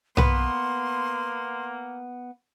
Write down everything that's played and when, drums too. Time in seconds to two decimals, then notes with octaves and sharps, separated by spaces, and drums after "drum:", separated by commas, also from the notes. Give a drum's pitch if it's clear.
0.17 A#3 B3 B4 C6, drum: tom